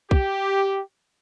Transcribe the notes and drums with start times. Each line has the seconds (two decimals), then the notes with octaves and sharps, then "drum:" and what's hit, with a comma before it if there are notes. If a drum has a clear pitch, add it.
0.11 G4, drum: kick